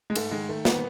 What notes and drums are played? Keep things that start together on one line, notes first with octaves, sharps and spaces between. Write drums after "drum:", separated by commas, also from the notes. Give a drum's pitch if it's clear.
G#3
G#2 A3, drum: cymbal
D#3 G#3
D#3 A3
B3, drum: snare